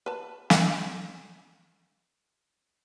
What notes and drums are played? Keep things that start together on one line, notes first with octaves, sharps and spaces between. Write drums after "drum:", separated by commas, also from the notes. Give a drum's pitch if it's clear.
B4 A5
drum: snare